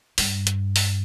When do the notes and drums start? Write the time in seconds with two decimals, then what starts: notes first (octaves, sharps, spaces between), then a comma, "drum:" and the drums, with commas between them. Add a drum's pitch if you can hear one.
0.18 G2, drum: open hi-hat
0.47 drum: hi-hat
0.76 drum: open hi-hat